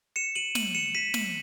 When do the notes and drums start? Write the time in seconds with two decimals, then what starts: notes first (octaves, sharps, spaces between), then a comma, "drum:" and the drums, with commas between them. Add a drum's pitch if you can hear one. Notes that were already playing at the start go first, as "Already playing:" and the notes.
0.16 C#7 E7
0.35 D#7 F#7
0.55 D#7 F#7, drum: snare
0.75 C#7 E7
0.95 B6 D#7
1.14 D#7 F#7, drum: snare